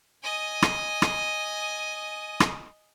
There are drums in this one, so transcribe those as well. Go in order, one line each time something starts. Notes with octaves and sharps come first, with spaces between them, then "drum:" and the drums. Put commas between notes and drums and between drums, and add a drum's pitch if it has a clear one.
D#5 G#5
drum: rim click
drum: rim click
drum: rim click